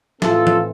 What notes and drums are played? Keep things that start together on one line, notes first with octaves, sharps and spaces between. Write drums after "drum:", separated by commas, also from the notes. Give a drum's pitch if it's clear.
A2 E3 A3 C4 F4 A4, drum: snare
drum: tom